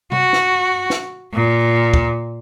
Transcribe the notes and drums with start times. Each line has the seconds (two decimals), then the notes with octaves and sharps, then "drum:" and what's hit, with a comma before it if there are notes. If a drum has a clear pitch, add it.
0.12 F#4, drum: tom C3
0.33 drum: snare
0.90 drum: snare
1.34 A#2
1.94 drum: kick